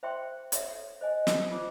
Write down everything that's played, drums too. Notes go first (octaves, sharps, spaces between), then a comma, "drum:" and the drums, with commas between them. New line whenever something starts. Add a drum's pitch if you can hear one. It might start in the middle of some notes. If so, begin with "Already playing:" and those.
C5 E5 G5 C6
A4 C#5 E5, drum: hi-hat
C5 D#5 G#5
drum: snare
F4 G#4 C5